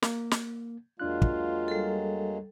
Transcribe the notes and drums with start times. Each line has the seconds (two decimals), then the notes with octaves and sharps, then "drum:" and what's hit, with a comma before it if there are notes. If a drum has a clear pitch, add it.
0.02 A#3, drum: snare
0.31 drum: snare
1.00 E2 F#3 G#3 A#3 D4 F4 F#6
1.22 drum: kick
1.68 G3 A4